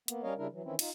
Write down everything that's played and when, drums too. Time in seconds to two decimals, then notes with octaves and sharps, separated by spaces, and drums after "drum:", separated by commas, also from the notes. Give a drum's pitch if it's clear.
0.08 A#3 B3, drum: hi-hat
0.23 G3 C#4 A#4 C#5 D#5 F5
0.38 C#3 G3 D4 E4 A#4
0.52 E3 F#3
0.64 D#3 E3 C4 C#4 E4
0.79 D#4 F4, drum: cymbal